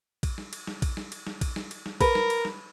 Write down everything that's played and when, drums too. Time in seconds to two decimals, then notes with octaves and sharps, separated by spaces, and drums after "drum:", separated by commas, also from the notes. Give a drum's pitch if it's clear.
0.23 drum: kick A#1, cymbal
0.38 drum: snare
0.53 drum: cymbal
0.67 drum: snare
0.82 drum: kick A#1, cymbal
0.97 drum: snare
1.12 drum: cymbal
1.27 drum: snare
1.41 drum: kick A#1, cymbal
1.56 drum: snare
1.71 drum: cymbal
1.86 drum: snare
2.01 A#4 B4, drum: kick A#1, cymbal
2.15 drum: snare
2.30 drum: cymbal
2.45 drum: snare